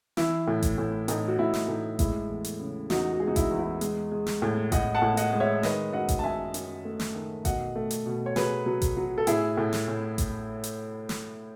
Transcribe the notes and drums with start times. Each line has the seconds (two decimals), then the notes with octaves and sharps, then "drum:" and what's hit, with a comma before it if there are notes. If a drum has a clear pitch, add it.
0.17 E3 E4, drum: snare
0.47 A2
0.62 drum: kick G#1, hi-hat
0.78 A2
1.08 A2 D#4, drum: hi-hat
1.28 F#4
1.39 A2 E4
1.53 drum: snare
1.68 A2 D#4
1.99 G#3 E4, drum: kick G#1, hi-hat
2.29 E2
2.44 drum: hi-hat
2.60 C#3
2.90 E2 D#4 F#4, drum: snare
3.13 F#4
3.20 G#3 G#4
3.28 D#4 F#4
3.36 E4, drum: kick G#1, hi-hat
3.51 E2
3.59 E4
3.81 G#3, drum: hi-hat
4.11 G#3
4.27 drum: snare
4.42 A2
4.72 A2 D#5 F#5, drum: kick G#1, hi-hat
4.95 F#5 A5
5.02 A2
5.17 D#5 F#5, drum: hi-hat
5.33 G#3
5.40 C#5 E5
5.63 D#3 B4 D#5, drum: snare
5.93 F#2 D#5 F#5
6.09 drum: kick G#1, hi-hat
6.19 A5
6.24 F#2 E5 G#5
6.54 F#2, drum: hi-hat
6.85 A3
7.00 drum: snare
7.15 D#3
7.45 B2 D#5 F#5, drum: kick G#1, hi-hat
7.76 A3
7.91 drum: hi-hat
8.06 B2
8.26 C#5
8.36 F#3 G#4 B4, drum: snare
8.66 F#3
8.82 drum: kick G#1, hi-hat
8.97 F#3
9.18 A4
9.27 A2 E4 G#4, drum: hi-hat
9.57 A2
9.73 drum: snare
9.88 A2
10.18 drum: kick G#1, hi-hat
10.64 drum: hi-hat
11.09 drum: snare